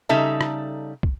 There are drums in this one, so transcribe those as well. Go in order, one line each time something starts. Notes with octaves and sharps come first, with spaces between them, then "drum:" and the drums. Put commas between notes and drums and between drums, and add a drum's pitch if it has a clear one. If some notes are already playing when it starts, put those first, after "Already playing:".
C#3 G3 D#4 A4 E5 A#5
drum: rim click
drum: kick